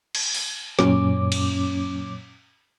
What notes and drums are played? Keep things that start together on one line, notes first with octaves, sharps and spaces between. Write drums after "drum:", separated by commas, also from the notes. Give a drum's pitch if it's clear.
drum: cymbal
drum: open hi-hat
F#2 A#2 C#4 D6, drum: snare
drum: cymbal